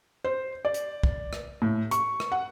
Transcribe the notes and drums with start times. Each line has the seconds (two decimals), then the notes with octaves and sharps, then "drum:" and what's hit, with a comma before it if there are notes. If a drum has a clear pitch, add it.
0.24 C5
0.65 D5
0.74 drum: hi-hat
1.03 drum: kick
1.33 drum: rim click
1.62 A2
1.91 C#6, drum: hi-hat
2.20 drum: rim click
2.32 F#5